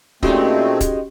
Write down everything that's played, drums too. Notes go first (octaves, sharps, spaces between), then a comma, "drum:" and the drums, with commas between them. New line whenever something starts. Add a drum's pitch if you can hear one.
A#2 G#3 A3 C4 C#4 D#4 F#4 G4, drum: kick
drum: kick, hi-hat